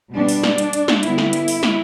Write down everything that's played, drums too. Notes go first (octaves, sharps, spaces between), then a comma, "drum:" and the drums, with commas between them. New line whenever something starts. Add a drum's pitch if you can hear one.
B2 G3 B3 D4
drum: open hi-hat
drum: snare
drum: hi-hat
drum: hi-hat
drum: snare
D3 G3 B3 E4, drum: hi-hat
drum: snare
drum: hi-hat
drum: open hi-hat
drum: snare